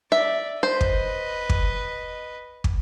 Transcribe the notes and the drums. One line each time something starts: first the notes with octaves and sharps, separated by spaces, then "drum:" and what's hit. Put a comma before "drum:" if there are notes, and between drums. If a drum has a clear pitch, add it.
D5 E5
B4 C5 D#5
drum: kick
drum: kick
drum: kick